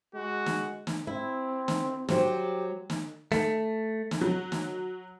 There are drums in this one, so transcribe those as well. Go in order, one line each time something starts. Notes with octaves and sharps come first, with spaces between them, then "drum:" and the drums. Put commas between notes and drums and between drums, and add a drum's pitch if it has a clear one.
G#3 F#4
drum: snare
drum: snare
C4 E4
drum: snare
F#3 G4 C5, drum: snare
drum: snare
A3, drum: snare
drum: snare
F#3
drum: snare